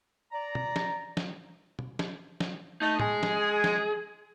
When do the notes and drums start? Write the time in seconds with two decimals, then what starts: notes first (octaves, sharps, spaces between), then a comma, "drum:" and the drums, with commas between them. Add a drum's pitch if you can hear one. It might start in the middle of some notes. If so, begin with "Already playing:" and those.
0.32 D5 A#5
0.55 drum: tom
0.76 drum: snare
1.17 drum: snare
1.79 drum: tom
1.99 drum: snare
2.40 drum: snare
2.82 A3 D#4
3.00 G#3 G#4, drum: tom A2
3.23 drum: snare
3.64 drum: snare